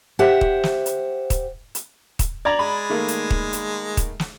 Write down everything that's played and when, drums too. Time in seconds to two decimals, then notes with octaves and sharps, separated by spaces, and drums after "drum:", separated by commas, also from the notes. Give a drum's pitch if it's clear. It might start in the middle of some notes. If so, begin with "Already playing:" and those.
0.19 G4 C5 E5 F#5 G5
0.41 drum: kick
0.63 drum: snare
0.86 drum: hi-hat
1.30 drum: kick, hi-hat
1.75 drum: hi-hat
2.19 drum: kick, hi-hat
2.45 D5 A#5 G#6 F#7
2.59 G#3 B5
2.90 D#3 A3 A#3
3.08 drum: hi-hat
3.31 drum: kick
3.53 drum: hi-hat
3.97 drum: kick, hi-hat
4.20 drum: snare